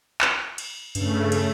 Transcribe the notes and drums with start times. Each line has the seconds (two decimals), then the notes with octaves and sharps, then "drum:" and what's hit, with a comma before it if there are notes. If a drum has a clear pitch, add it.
0.21 drum: clap
0.58 drum: cymbal
0.95 G2 C#3 A3, drum: cymbal
1.32 drum: cymbal